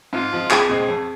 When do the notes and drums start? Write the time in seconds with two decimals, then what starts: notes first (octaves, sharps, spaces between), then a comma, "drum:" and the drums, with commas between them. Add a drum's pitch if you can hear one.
0.13 G#2 F4
0.33 F3 G#3
0.50 C2 G#4, drum: clap
0.69 A#2 G#3 C4
0.88 F2